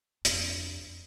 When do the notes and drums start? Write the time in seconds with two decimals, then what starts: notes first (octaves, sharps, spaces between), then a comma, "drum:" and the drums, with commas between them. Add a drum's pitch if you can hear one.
0.25 F2 D4, drum: hi-hat